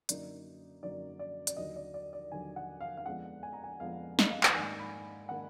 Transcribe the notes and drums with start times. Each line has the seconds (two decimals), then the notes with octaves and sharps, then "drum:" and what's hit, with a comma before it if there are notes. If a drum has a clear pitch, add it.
0.09 F#2 D3 F#3 A#3 D#4 D5, drum: hi-hat
0.83 F#2 D3 F#3 A#3 D#4 D5
1.19 D5
1.47 D5, drum: hi-hat
1.57 D#2 D3 F#3 D#5
1.76 D5
1.94 D5
2.13 D5
2.32 D#2 D3 F#3 G#5
2.56 F#5
2.81 F5
2.97 F5
3.06 F2 F3 G#3 B3 D4 F#5
3.43 G#5
3.53 A#5
3.64 G#5
3.80 F2 F3 G#3 B3 D4 F5
4.19 D#5, drum: snare
4.30 F5
4.43 F#5, drum: clap
4.54 G#2 D#3 A#3 D4 G#5
4.79 B5
5.29 D#3 A#3 D4 F#5